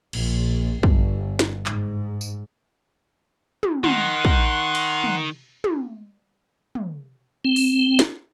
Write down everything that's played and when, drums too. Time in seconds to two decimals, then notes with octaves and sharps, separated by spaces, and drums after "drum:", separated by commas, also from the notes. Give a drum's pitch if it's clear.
0.13 A#1, drum: cymbal
0.83 G1, drum: kick
1.39 drum: snare
1.66 G#2, drum: clap
2.21 drum: tambourine
3.63 drum: tom
3.84 D#3 F#5 C6 F#6, drum: tom
4.25 drum: kick
4.75 drum: cymbal
5.04 drum: tom
5.64 drum: tom
6.75 drum: tom
7.45 C4
7.56 drum: open hi-hat
7.99 drum: snare